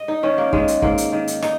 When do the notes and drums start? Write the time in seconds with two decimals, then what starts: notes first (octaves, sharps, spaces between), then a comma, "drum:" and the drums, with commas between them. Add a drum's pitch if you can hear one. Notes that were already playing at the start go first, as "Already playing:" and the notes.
Already playing: D#5
0.08 D#4
0.23 D#3 C#4
0.38 A#3
0.53 D#3 G#3, drum: kick
0.68 drum: hi-hat
0.82 G#2 A#3, drum: kick
0.98 drum: hi-hat
1.12 D#3
1.28 drum: hi-hat
1.42 D#4, drum: rim click